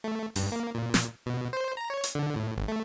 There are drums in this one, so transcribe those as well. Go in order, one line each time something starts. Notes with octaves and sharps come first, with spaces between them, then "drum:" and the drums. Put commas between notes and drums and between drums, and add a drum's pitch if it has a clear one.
A3
G2, drum: open hi-hat
A#3
A#2
drum: snare
B2
C5
A#5
C#5
drum: hi-hat
D3
A2
G#1
A3